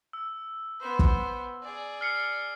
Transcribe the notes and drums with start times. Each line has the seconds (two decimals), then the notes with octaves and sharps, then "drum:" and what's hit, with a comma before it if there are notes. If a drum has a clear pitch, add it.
0.13 E6
0.80 B3 C5
0.99 drum: kick
1.62 G#4 D5
2.01 F6 C7 C#7